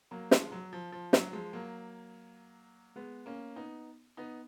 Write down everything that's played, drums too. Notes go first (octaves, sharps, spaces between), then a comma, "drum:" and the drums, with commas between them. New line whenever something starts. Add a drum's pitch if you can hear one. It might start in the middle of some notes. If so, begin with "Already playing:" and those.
F#3 A#3
F3 G#3, drum: snare
F#3
F3
F3
F#3, drum: snare
F3 G#3
F#3 A#3
G#3 B3
A#3 C#4
B3 D#4
B3 D#4